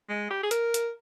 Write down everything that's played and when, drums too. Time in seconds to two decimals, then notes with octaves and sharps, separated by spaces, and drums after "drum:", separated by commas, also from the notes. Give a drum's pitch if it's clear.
0.09 G#3
0.30 G4
0.43 G#4
0.51 A#4, drum: hi-hat
0.74 drum: hi-hat